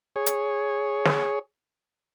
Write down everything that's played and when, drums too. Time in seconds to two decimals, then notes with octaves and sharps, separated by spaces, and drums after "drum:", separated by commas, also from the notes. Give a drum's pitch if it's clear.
0.16 G#4 C#5
0.26 drum: hi-hat
1.05 drum: snare